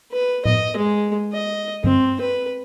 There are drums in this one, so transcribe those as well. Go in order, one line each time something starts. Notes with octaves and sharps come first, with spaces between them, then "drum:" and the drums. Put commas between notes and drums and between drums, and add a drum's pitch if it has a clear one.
B4
D#5, drum: tom
G#3
D#5
C4, drum: tom G2
B4